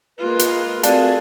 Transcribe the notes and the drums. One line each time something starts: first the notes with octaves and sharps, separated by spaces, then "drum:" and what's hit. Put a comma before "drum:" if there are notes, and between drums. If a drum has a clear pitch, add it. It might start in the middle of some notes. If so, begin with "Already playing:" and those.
G#3 A#3 F4 B4
drum: hi-hat
A3 C4 F#4 G#4 A#4 D5 F5 A5, drum: hi-hat